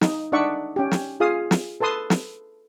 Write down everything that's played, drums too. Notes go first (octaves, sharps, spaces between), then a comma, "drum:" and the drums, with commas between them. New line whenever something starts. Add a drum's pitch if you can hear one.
D#4, drum: snare
D4 D#4 D5 E5 F#5 C#6
C#4 G4
drum: snare
F4 G#4 F5 D#6
drum: snare
A4 B4 A5 C6 D#6
drum: snare